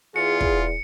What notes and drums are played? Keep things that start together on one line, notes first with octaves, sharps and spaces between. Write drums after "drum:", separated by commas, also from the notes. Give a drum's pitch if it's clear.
E2 F4 G#4 C#7
drum: kick